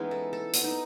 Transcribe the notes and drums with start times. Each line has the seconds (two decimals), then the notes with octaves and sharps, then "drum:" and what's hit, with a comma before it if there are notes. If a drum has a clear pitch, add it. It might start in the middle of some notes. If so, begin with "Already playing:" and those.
Already playing: E3 G#3 B3 C#4 D#4
0.11 A4
0.33 A4
0.54 B3, drum: hi-hat
0.64 D#4